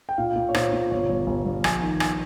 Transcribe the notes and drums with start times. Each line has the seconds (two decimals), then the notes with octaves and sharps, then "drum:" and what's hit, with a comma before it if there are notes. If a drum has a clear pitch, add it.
0.09 G5
0.18 A#2 F5
0.36 A#2
0.49 C#5
0.54 A#2 C5, drum: rim click
0.73 A#2
0.91 G1 C#5
1.10 G1
1.27 G1
1.45 G2
1.64 A#1 G#5, drum: rim click
1.82 D#3
2.00 G#5, drum: rim click